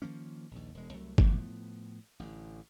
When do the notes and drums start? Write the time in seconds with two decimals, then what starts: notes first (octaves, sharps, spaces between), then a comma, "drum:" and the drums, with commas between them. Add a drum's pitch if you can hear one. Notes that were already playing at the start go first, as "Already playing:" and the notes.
0.02 D#3 F3 A#3 C#4
0.51 A#1 D#2
0.74 E1 G#3
0.94 C2 F#3 A3
1.18 A2 F3 B3, drum: kick G1
2.19 A1 A2 D3